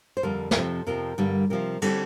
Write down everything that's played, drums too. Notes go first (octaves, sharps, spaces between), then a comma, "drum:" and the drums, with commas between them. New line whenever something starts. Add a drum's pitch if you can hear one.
C5
F2 D3 G3 A#3 A#4
A#4, drum: snare
F2 C3 F3 C4 A4
F2 C3 F3 A#4
G2 D3 G3 A#3
C3 F3 A#3 A#4
D3 G3 C4 A4, drum: cymbal